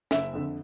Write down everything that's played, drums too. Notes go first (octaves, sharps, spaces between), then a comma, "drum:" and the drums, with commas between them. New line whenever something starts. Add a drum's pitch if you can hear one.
F#1 E5, drum: snare
F2 D3